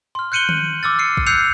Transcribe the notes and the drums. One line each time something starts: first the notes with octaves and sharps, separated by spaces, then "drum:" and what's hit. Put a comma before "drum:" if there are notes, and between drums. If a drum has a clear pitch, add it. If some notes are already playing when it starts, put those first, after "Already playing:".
C6 F6
F#6 G6 C#7 D#7 F#7 G7
drum: tom D#3
D6 E6 F6 A6
F6 C7 C#7 D#7
drum: kick A#1
E6 F#6 G6 C7 C#7 F7